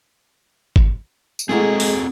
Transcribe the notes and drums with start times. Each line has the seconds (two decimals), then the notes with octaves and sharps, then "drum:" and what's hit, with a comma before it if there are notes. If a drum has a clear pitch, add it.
0.76 drum: kick G#1
1.39 drum: tambourine
1.49 G#3 A3 C4 E4 F#4 G#4 A4 A#5
1.80 drum: open hi-hat